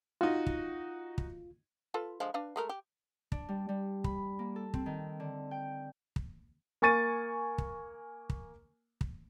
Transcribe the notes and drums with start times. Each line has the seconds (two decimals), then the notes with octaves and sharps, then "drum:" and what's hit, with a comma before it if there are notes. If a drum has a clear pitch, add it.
0.21 D#4 F4 F#4
0.46 drum: kick
1.18 drum: kick
1.94 F4 A4 B4
2.20 D3 F3 G#3
2.34 D4 B4 F5
2.56 G#3 A3 A#4
2.69 G4
3.32 D4, drum: kick
3.49 G3
3.69 G3
4.04 B5, drum: kick
4.39 A#3
4.56 A4
4.74 C4, drum: kick
4.86 D#3
5.20 D3
5.51 G5
6.16 drum: kick
6.82 A#3 G#5 C#6 A6 D#7
7.58 drum: kick
8.30 drum: kick
9.01 drum: kick